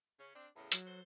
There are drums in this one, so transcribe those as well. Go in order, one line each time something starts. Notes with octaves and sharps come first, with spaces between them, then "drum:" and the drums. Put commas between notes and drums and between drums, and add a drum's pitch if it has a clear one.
C#3 C#4
C4 D4
E2 A2 C#3
F#3, drum: hi-hat
F#4 A4 C5